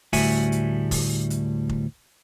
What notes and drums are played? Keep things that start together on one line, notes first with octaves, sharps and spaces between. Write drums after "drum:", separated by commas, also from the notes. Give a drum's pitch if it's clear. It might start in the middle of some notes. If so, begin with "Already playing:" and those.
D2 A2 G3 F#4 E5 G#5, drum: kick F1, open hi-hat
drum: hi-hat
drum: kick F1, open hi-hat
drum: hi-hat
drum: kick F1